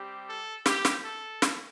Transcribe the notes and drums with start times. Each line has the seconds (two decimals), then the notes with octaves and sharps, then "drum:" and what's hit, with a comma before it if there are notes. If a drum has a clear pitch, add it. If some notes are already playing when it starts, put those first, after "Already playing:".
Already playing: G3 C4 G4
0.28 A4
0.66 G4, drum: snare
0.85 drum: snare
1.04 A4
1.42 drum: snare